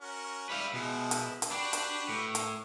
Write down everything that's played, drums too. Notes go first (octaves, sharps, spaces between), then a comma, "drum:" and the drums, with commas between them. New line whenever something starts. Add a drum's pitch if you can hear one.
C#4 F#4 A#4
G3 E4 B4 F5
B2 F3 G#3 E4
drum: hi-hat
drum: hi-hat
D4 F#4 G4 B4
drum: hi-hat
A2
drum: hi-hat